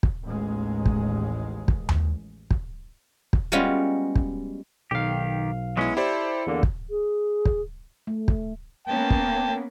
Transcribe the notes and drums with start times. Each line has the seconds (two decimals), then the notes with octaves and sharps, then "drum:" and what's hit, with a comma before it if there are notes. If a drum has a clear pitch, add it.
0.03 drum: kick
0.22 A1 D#2 G#3
0.86 drum: kick
1.68 drum: kick
1.89 drum: tom D#2
2.51 drum: kick
3.33 drum: kick
3.52 G3 G#3 B3 C#4 F4 F#4
4.16 drum: kick
4.91 B1 D#3 G4 F5
5.77 F#3 G#3 B3 C#4 E4
5.97 E4 G4 A4 C5 D5
6.47 E2 D3 A#3
6.63 drum: kick
6.89 G#4
7.45 drum: kick
8.07 A3
8.28 drum: kick
8.87 A#3 B3 C#4 G5 A5
9.10 drum: kick